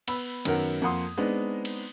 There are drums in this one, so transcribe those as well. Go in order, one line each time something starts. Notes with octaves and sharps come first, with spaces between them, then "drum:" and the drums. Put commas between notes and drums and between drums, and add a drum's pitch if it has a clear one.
B3 B5 E6, drum: cymbal
F#2 D#3 B3 A#4 F#5, drum: cymbal
F2 A#3 F#5 C6 D#6
G#3 B3 C4 D4 D#4
drum: cymbal